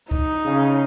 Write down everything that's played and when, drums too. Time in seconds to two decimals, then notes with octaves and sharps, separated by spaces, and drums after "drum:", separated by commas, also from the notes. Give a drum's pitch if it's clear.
0.11 D#4, drum: kick C#2
0.46 C#3